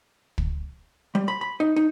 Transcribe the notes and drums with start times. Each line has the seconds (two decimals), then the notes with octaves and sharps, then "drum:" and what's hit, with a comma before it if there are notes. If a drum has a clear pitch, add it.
0.38 drum: kick
1.15 G3
1.28 B5
1.41 B5
1.60 D#4
1.76 D#4